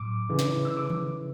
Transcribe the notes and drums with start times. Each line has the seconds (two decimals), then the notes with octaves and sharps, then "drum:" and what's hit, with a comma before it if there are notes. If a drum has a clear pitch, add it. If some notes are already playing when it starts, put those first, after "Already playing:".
Already playing: A2 F#3 D6
0.29 C#3 E3
0.39 drum: snare
0.65 E6
0.77 D6
0.90 drum: tom D#3